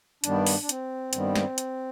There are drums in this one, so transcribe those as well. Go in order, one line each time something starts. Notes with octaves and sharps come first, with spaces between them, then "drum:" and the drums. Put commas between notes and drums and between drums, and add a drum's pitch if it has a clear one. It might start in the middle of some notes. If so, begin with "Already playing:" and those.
G2 D#3 G3 B3 D4, drum: hi-hat
drum: open hi-hat
D4
C4, drum: hi-hat
G2 D#3 G3 B3, drum: hi-hat
drum: snare
drum: hi-hat